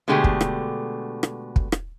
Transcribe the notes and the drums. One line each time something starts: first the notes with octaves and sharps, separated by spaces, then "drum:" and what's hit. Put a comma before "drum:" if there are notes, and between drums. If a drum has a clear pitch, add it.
B2 D3 G#3 A3 G4 G#4
drum: kick
drum: rim click
drum: rim click
drum: kick
drum: rim click